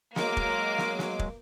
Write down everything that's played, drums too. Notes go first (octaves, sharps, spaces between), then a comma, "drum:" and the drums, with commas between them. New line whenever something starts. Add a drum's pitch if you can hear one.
F#3 G#3 A#3 A#4 D6, drum: snare
drum: kick
drum: snare
drum: snare
drum: kick